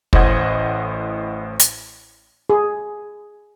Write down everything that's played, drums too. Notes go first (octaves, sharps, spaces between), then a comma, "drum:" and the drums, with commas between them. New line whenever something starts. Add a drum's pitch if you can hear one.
A1 A2 C5 D#5 F#5 G#6, drum: kick
drum: hi-hat
G#4